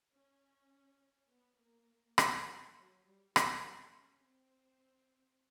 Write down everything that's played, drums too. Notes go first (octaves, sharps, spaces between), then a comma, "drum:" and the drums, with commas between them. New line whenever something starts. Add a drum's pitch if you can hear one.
C#4
B3
A#3
E3, drum: rim click
F3
F#3
G3
E3, drum: rim click
G3
C#4
C4